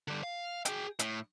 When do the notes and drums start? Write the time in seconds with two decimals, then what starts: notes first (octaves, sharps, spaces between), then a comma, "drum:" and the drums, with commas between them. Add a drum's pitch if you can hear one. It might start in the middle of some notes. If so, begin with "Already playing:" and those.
0.08 D3 G3
0.23 F5
0.65 G#4 G5, drum: hi-hat
0.99 A2, drum: hi-hat